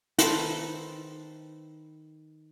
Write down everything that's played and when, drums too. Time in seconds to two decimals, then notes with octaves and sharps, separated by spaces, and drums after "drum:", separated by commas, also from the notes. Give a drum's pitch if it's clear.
0.19 D#3 A4 B4 C5, drum: hi-hat